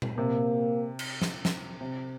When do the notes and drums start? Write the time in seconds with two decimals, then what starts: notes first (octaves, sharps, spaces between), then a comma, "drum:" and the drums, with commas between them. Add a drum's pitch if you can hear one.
0.02 drum: tom A#2
0.17 C3 A#3
0.99 drum: cymbal
1.22 drum: snare
1.45 drum: snare
1.81 C3